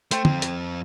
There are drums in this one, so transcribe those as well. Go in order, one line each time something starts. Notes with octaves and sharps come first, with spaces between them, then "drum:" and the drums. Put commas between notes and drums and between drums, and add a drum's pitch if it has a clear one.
A3 C5 G5, drum: hi-hat
F2 C4, drum: tom
drum: hi-hat